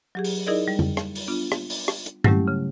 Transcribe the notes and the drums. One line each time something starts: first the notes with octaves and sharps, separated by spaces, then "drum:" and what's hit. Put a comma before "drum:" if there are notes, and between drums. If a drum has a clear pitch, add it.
F#3 G4 G#4
drum: open hi-hat
D#4 E4 G#4 A#4 D5 D#5
G3
drum: tom
drum: rim click
drum: open hi-hat
B3 D4 F4
drum: rim click
drum: open hi-hat
drum: rim click
drum: hi-hat
F#3 G3 A3 C#4 E4 G4, drum: tom G2
C#3